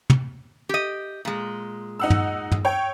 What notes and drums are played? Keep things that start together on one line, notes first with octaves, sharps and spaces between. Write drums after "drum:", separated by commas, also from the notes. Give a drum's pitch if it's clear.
drum: tom
G4 D#5
A#2 G#3
D#4 F#5 E6
drum: tom
drum: tom
C#5 G5